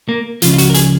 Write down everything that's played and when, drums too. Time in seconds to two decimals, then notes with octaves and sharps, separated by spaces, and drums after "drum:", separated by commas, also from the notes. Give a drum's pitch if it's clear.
0.09 A#3
0.42 C#2 C#3 F3 F4, drum: hi-hat
0.54 F4
0.58 F#4, drum: hi-hat
0.69 A#4
0.74 G#4, drum: hi-hat